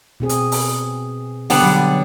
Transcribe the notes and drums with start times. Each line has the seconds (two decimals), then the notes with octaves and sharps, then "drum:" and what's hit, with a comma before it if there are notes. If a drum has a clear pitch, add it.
0.20 B2 C4 G#4
0.29 drum: hi-hat
0.52 drum: open hi-hat
1.50 D3 G3 B3, drum: open hi-hat
1.63 F#3